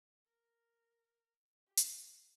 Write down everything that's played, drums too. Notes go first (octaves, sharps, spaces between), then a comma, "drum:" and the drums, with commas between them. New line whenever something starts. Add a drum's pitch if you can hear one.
A#4
G4
drum: hi-hat